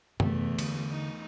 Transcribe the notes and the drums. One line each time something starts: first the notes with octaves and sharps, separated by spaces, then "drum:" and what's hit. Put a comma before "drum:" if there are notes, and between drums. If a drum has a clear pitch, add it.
E2 C3 A3 B3, drum: tom
D3 D4, drum: cymbal
D#4